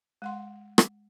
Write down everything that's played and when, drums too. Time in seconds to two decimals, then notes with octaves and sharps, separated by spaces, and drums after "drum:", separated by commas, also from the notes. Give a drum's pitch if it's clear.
0.22 G#3 F#5 C6
0.78 drum: rim click